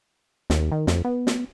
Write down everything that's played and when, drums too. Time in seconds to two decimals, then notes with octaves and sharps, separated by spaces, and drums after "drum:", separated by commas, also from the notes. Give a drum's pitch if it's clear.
0.50 D#2, drum: snare
0.72 D#3
0.87 F2, drum: snare
1.05 B3
1.27 drum: snare